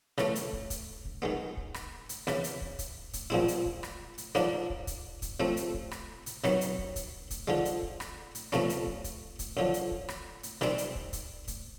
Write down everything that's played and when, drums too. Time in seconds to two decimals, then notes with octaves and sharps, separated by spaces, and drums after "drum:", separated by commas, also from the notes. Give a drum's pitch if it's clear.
0.18 C#3 E3 A3, drum: rim click
0.35 drum: hi-hat
0.53 drum: kick
0.70 drum: kick, hi-hat
1.05 drum: kick
1.22 D#3 G#3 B3
1.57 drum: kick
1.74 drum: rim click
2.09 drum: hi-hat
2.27 E2 C#3 E3, drum: rim click
2.44 drum: hi-hat
2.61 drum: kick
2.79 drum: kick, hi-hat
3.13 drum: kick, hi-hat
3.30 A#2 F3 G#3 C4 E4
3.48 drum: hi-hat
3.66 drum: kick
3.83 drum: rim click
4.18 drum: hi-hat
4.35 G#2 F3 A#3 D4, drum: rim click
4.70 drum: kick
4.87 drum: kick, hi-hat
5.22 drum: kick, hi-hat
5.40 C3 F3 A3 C4
5.57 drum: hi-hat
5.74 drum: kick
5.91 drum: rim click
6.26 drum: hi-hat
6.44 C3 D#3 F#3 B3, drum: rim click
6.61 drum: hi-hat
6.78 drum: kick
6.96 drum: kick, hi-hat
7.30 drum: kick, hi-hat
7.48 D3 F3 G#3
7.65 drum: hi-hat
7.83 drum: kick
8.00 drum: rim click
8.35 drum: hi-hat
8.52 E2 C3 F3 A3 C#4, drum: rim click
8.69 drum: hi-hat
8.87 drum: kick
9.04 drum: kick, hi-hat
9.39 drum: kick, hi-hat
9.57 F#2 D3 F3
9.74 drum: hi-hat
9.91 drum: kick
10.08 drum: rim click
10.43 drum: hi-hat
10.61 C3 D#3 G3 C4, drum: rim click
10.78 drum: hi-hat
10.95 drum: kick
11.13 drum: kick, hi-hat
11.48 drum: kick, hi-hat